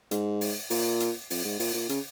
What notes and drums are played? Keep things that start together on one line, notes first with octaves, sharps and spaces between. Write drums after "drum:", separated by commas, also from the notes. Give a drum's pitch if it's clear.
G#2, drum: hi-hat
drum: open hi-hat
A#2, drum: open hi-hat
drum: hi-hat
F2, drum: open hi-hat
G#2
A#2, drum: open hi-hat
A#2
C#3, drum: hi-hat